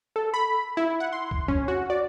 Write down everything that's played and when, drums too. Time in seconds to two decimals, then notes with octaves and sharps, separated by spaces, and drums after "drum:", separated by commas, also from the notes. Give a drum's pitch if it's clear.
0.16 A4
0.34 B5
0.77 E4
1.00 F#5
1.13 C6
1.31 drum: kick
1.48 C#4, drum: kick
1.68 F#4
1.90 D5